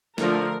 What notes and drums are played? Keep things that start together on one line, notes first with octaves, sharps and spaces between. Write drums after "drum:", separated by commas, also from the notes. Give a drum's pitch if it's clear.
D3 F3 A3 A#4, drum: snare